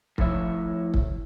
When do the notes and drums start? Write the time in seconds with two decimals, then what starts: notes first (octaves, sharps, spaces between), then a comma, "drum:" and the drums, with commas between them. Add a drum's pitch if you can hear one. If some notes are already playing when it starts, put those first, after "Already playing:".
0.18 A2 F3 E4 C#5 E5, drum: kick C#1
0.94 drum: kick C#1